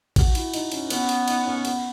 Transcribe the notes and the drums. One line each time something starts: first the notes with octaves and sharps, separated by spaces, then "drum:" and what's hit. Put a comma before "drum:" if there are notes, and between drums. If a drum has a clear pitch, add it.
F#4, drum: kick A1, cymbal
E4, drum: cymbal
D#4, drum: cymbal
C#4, drum: cymbal
B3 C#4, drum: cymbal
drum: cymbal
D#4, drum: cymbal
C#4
B3, drum: cymbal